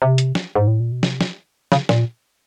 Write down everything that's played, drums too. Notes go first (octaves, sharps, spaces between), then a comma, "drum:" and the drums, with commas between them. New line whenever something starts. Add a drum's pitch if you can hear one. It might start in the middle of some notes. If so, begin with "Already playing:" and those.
C3
drum: hi-hat
drum: snare
G#2
A2
A#2
B2
C3, drum: snare
drum: snare
C#3, drum: snare
A#2, drum: snare